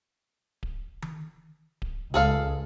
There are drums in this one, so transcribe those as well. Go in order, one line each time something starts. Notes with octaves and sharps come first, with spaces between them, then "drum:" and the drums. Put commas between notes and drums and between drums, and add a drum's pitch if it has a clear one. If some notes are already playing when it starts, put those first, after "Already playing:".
drum: kick D1
drum: tom D#3
drum: kick D1
C#2 G#4 A4 F5